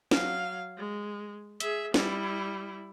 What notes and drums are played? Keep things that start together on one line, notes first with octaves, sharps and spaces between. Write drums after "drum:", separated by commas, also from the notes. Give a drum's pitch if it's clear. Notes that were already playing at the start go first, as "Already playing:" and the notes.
F#3 F5, drum: snare
G#3
G#4 E5, drum: hi-hat
G3 E4, drum: snare